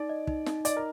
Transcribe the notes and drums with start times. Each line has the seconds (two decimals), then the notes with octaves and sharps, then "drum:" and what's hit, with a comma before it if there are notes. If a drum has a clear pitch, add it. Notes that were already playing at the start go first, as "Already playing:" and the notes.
Already playing: D#4 D5
0.09 D#5
0.27 D#4, drum: kick
0.46 D#4, drum: snare
0.65 D5 D#5, drum: hi-hat
0.77 A#4